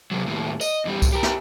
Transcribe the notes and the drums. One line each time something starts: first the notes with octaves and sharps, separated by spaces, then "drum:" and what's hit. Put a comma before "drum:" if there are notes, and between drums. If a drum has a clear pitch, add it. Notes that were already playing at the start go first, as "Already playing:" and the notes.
C3 F#3
D#2 A2
D#5, drum: tambourine
E2 G3
drum: kick C2, tambourine
G4 A#4
drum: snare